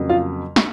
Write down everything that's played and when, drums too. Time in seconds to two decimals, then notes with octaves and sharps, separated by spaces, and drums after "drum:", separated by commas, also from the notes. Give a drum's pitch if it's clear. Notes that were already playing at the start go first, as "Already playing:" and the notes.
Already playing: F2 C#3 F#3 A#3
0.09 F4 F5
0.56 drum: snare